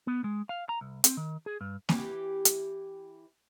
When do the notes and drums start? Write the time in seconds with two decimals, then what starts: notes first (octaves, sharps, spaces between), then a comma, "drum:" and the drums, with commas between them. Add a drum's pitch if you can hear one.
0.07 B3
0.24 G#3
0.49 F5
0.69 A#5
0.81 C2
1.04 C4, drum: hi-hat
1.17 D#3
1.46 G#4
1.61 G2
1.89 E3 G4, drum: snare A#3
2.45 drum: hi-hat